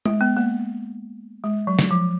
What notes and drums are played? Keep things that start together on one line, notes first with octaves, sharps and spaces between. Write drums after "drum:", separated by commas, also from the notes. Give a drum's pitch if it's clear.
G#3, drum: tom G#3
B3
A#3
G#3
F#3
drum: snare
F3